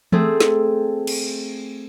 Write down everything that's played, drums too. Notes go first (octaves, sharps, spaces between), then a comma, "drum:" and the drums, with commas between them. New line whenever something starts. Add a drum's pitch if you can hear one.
A3 C4 G#4, drum: tom E3
drum: snare
drum: cymbal